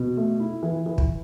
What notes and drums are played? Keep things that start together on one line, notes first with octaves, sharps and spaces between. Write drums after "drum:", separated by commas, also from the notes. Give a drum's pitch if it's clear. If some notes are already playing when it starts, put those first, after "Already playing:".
Already playing: B2
A3
E4
E3
E3
drum: kick